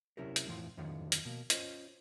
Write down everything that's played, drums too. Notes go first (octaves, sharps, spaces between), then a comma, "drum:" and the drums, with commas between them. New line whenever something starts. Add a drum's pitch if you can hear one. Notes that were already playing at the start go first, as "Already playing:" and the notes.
C3 F#3 C#4 E4 G4 A#4
drum: hi-hat
F2 A2 E3 F3 C6
F2 A2 D3 D#3 F3 F#3
drum: hi-hat
B2 A#3
C#4 F4 C5 D#5, drum: hi-hat